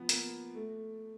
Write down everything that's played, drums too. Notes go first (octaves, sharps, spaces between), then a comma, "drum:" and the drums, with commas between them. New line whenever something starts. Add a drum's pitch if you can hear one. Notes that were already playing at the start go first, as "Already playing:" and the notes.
Already playing: F3 B3
A#3, drum: hi-hat
A3